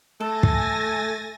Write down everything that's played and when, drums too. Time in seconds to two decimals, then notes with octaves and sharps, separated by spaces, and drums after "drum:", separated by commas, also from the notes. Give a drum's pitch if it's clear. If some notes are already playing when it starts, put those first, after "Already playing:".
0.21 A3 A4 G#5 A5 A6 A#6
0.43 drum: kick